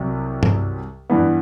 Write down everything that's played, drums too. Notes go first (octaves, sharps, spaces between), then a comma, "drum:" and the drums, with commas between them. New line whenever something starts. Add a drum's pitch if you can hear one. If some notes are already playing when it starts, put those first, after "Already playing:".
Already playing: C2 C3 F#3
drum: tom G2
G2 E3 B3